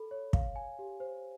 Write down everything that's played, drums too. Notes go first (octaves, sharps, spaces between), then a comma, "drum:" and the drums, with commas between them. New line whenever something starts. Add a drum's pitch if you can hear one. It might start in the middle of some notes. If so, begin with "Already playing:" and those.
Already playing: A4 B5
C#5
F5, drum: kick
G#5
G4
C5